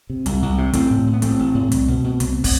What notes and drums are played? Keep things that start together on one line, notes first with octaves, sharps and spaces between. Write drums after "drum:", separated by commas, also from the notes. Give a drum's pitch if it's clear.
C3
C2, drum: hi-hat
C2
C3
A1 A3 C4, drum: hi-hat
A2
A2
B3
A1 A3 C4, drum: hi-hat
A1
A2
C2, drum: hi-hat
B2
B2
C2, drum: hi-hat
drum: kick, open hi-hat